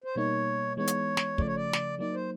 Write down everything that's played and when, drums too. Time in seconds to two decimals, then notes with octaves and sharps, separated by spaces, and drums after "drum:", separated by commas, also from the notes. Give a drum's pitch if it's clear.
0.04 C5
0.16 B2 G3 A#3 D#4 C#5
0.77 E3 G#3 B3 D#4 C#5
0.87 drum: hi-hat
1.17 drum: snare
1.38 C#3 F3 A3 D5, drum: kick
1.47 C#5
1.56 D5
1.73 drum: snare
1.99 F#3 A#3 D#4 D5
2.14 C5